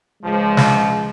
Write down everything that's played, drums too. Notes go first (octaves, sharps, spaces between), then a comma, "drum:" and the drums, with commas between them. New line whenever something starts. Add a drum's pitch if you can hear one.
C#2 F3 G#3
drum: snare